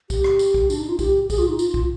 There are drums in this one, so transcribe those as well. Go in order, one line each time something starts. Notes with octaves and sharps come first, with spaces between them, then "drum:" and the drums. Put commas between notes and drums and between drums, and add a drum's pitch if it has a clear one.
G4, drum: kick, tambourine
drum: rim click
drum: tambourine
drum: kick
D4, drum: tambourine
D#4
F4
G4, drum: kick, tambourine
G#4, drum: kick, tambourine
F4
D#4
F4, drum: tambourine
drum: kick